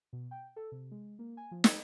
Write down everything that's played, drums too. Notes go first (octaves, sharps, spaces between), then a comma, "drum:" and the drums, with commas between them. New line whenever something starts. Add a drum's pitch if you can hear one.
B2
G5
A4
C3
G#3
A#3
G#5
F3
E6, drum: snare